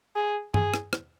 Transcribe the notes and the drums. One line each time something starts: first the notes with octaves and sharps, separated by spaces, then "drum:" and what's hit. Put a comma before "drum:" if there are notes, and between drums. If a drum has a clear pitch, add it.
G#4
G#4, drum: tom G2
drum: rim click
drum: rim click